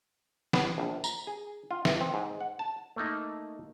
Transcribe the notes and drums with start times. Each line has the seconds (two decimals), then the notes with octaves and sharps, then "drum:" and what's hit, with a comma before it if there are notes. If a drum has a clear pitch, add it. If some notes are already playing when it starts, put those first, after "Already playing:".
0.53 B3, drum: snare
0.78 A#1
1.04 A#5, drum: tambourine
1.27 G#4
1.71 F4
1.85 E5, drum: snare
2.00 C4
2.14 G#2
2.41 F#5
2.59 A5
2.96 A3 A#3 D#4